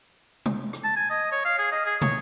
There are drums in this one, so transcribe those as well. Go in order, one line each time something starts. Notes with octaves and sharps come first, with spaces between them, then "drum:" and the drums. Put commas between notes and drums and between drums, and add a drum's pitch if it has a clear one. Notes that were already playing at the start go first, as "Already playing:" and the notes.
drum: tom C3
drum: rim click
A5
G#5
D#5
C#5
F5
G#4
D#5
G#4
C#5, drum: tom